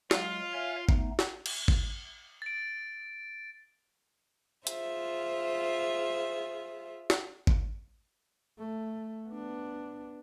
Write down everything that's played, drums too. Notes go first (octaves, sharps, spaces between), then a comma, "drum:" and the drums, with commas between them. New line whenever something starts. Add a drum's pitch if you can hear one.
F#3 G#3 F4 F5, drum: snare
C#5 E5 G#5
A3 B3 D#4, drum: kick G#1
drum: snare
drum: cymbal
drum: kick G#1
A6 D7
F4 G#4 C5 E5, drum: hi-hat
drum: snare
drum: kick G#1
A3
B3 D4